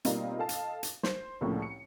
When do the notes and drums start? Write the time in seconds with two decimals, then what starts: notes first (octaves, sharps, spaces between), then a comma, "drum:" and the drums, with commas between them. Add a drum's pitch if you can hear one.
0.05 B2 G3 A#3 C4 D#4 F4, drum: hi-hat
0.38 A4 D#5 F5 A5
0.49 drum: hi-hat
0.83 drum: hi-hat
1.03 C5, drum: snare
1.41 C2 A2 C#3 F3 A3 A#3
1.62 C#7